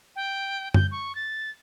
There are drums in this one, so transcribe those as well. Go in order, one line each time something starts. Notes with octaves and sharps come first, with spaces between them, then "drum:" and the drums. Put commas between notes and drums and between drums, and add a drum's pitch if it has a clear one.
G5
G6, drum: tom F#2
C#6
A6